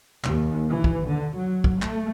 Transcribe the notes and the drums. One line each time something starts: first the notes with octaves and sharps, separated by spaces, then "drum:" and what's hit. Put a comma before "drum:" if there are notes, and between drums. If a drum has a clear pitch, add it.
D#2, drum: clap
E3
drum: kick
D3
F#3
drum: kick
A3, drum: clap